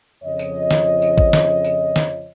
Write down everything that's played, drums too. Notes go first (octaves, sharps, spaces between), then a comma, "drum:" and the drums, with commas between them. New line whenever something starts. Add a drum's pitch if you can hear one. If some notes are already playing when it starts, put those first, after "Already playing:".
F2 C#3 F3 C#5 D#5
drum: tambourine
drum: snare
drum: tambourine
drum: kick
drum: snare
drum: tambourine
drum: snare